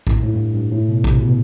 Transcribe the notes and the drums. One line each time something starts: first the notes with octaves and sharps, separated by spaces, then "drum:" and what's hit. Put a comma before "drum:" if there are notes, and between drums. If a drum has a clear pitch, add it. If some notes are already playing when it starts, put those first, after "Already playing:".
A2, drum: kick A#1
A2
G2
G2
A2
B2
C3, drum: kick A#1
B2